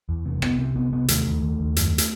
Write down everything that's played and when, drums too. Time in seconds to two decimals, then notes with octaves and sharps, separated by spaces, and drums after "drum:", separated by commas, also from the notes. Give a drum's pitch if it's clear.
0.09 E2
0.25 C3
0.42 C2 B3, drum: rim click
0.58 C3 C4
0.75 C2 B3
0.92 C3 B3
1.08 D#2 A3, drum: hi-hat
1.26 D#2
1.42 D#2
1.60 D#2
1.76 F#2, drum: hi-hat
1.98 drum: hi-hat